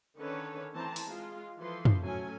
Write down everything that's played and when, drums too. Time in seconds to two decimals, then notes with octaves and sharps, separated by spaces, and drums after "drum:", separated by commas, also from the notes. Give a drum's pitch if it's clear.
0.18 D3 D#3 C#4 A4 B4 C#5
0.74 E3 A3 C4 A5 A#5
0.96 drum: open hi-hat
1.05 G#3 F4
1.60 E3 F3 A4 B4 C6
1.85 drum: tom
2.02 F#3 A3 C#4 A4 G#5